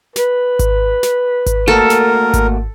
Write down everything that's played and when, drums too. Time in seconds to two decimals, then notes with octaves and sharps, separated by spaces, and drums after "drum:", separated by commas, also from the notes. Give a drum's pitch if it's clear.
0.16 B4, drum: snare
0.59 drum: kick G#1, hi-hat
1.03 drum: snare
1.46 drum: kick G#1, hi-hat
1.68 A3 A#3 F#4 A4 A#4
1.90 drum: snare
2.34 drum: kick G#1, hi-hat